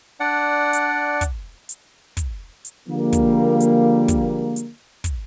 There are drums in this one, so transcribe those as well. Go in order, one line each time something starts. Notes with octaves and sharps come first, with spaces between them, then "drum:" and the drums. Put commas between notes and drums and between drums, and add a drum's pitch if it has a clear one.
D4 D5 F#5
drum: hi-hat
drum: kick, hi-hat
drum: hi-hat
drum: kick, hi-hat
drum: hi-hat
D3 F3 G3 G#3 A#3
drum: kick, hi-hat
drum: hi-hat
drum: kick, hi-hat
drum: hi-hat
drum: kick, hi-hat